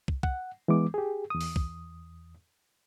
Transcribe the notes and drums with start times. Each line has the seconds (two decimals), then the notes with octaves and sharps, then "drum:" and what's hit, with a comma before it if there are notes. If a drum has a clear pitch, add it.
0.08 drum: kick
0.23 F#5, drum: kick
0.68 E3 G#3 B3 D6
0.94 G4 G#4
1.30 E2 D#6
1.41 drum: open hi-hat
1.56 drum: kick